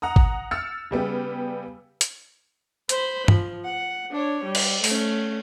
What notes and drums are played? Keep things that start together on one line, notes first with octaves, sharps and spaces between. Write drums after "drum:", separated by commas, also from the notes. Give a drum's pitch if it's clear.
F#5 A#5 D#6
drum: kick G#1
E6 F6 A6 C#7
C#3 G3 B3 G4
drum: hi-hat
C5 B5, drum: hi-hat
F3, drum: tom G2
F#5
D4 C#5
G3
drum: cymbal
A3 C#4, drum: open hi-hat